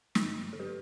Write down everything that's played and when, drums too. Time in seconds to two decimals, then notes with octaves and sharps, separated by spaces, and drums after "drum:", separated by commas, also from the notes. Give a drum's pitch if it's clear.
0.15 G2 D3 F#3, drum: snare
0.53 A4
0.60 G4 B4